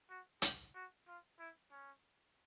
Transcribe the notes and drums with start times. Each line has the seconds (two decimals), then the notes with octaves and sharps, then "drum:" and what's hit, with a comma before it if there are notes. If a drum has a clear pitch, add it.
0.10 F#4
0.42 G4, drum: hi-hat
0.75 F#4
1.07 F4
1.39 E4
1.71 C#4